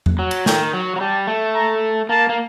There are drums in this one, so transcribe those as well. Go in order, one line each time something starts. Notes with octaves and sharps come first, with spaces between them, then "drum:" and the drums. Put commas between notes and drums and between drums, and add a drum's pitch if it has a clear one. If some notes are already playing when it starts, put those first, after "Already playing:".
drum: tom E2
F#3
drum: cymbal
D#3 G5, drum: snare
F#3
F#3
G3 A5
A3
A#5
A#3 A5
A#3